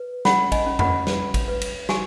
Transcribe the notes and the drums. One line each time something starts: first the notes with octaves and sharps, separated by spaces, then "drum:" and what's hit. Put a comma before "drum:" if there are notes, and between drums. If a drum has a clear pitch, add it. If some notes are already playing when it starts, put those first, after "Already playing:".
Already playing: B4
C#4 F#5 B5, drum: snare
D#5 G#5, drum: kick, cymbal
C#4
F#5 B5, drum: tom F2
B4, drum: snare
drum: kick, cymbal
B4
drum: cymbal
F#4 G#5 C#6, drum: snare